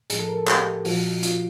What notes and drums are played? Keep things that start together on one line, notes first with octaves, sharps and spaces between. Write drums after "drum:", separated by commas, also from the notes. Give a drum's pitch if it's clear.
A2 F3 G#4, drum: hi-hat
A4
A#4
A4
G4, drum: clap
A#2 F3 F#4, drum: open hi-hat
F4, drum: hi-hat